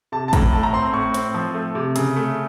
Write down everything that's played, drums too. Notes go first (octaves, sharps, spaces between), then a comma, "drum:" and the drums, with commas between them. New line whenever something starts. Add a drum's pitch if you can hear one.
C3 A5
A5
A2 A#5, drum: kick, hi-hat
A3 A5
A#5
C4 C6
A2 C#6
C4, drum: hi-hat
F3
A3
C3
C#3, drum: hi-hat
A3